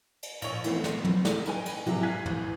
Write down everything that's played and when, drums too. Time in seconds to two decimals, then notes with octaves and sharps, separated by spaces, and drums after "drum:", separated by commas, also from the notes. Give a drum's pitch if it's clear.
0.23 drum: cymbal
0.42 A#1 C#5, drum: cymbal
0.64 A#2 D#3 E3 A3 B3 C4, drum: cymbal
0.84 drum: snare
1.04 drum: tom
1.25 drum: snare
1.45 C#4 D#4 B4 G5 G#5, drum: cymbal
1.66 drum: cymbal
1.86 C3 F#3 G#3 E4, drum: cymbal
2.03 F5 G#5 F#6 G#6 B6
2.26 A1 A2, drum: tom